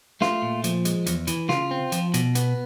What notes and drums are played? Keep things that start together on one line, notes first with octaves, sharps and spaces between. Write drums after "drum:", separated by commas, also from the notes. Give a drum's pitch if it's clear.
A3 F4, drum: snare
A#2
F3, drum: hi-hat
G#3, drum: hi-hat
E2, drum: hi-hat
E3, drum: hi-hat
C#3 F4, drum: snare
C4
F3, drum: hi-hat
B2, drum: hi-hat
B3, drum: hi-hat